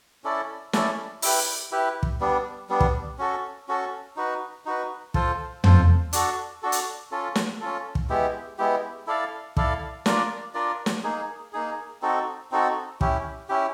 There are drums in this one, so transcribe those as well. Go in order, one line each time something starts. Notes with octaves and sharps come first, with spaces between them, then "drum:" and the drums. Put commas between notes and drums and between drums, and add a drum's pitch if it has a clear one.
C#4 E4 A4 D5
C#4 E4 A4 D5, drum: snare
E4 G4 B4, drum: open hi-hat
E4 G4 B4
drum: kick
G3 B3 D4
G3 B3 D4
drum: kick
C#4 F#4 A4
C#4 F#4 A4
D#4 F#4 B4
D#4 F#4 B4
F4 A4 C5, drum: kick
F4 A4 C5, drum: tom
D4 F#4 A4, drum: hi-hat
D4 F#4 A4
drum: hi-hat
C#4 F4 A4
drum: snare
C#4 F4 A4
drum: kick
G#3 B3 E4 G4
G#3 B3 E4 G4
E4 A4 D5 F5
E4 A4 D5 F5, drum: kick
D4 F4 A#4 D5, drum: snare
D4 F4 A#4 D5
drum: snare
A#3 D#4 G#4
A#3 D#4 G#4
C4 D#4 F#4 A4
C4 D#4 F#4 A4
C#4 E4 G4, drum: kick
C#4 E4 G4